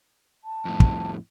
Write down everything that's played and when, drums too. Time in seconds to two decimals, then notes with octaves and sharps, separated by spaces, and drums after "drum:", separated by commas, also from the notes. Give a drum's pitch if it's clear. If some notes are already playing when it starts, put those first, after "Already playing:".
0.44 A5
0.65 F2 A2
0.80 drum: kick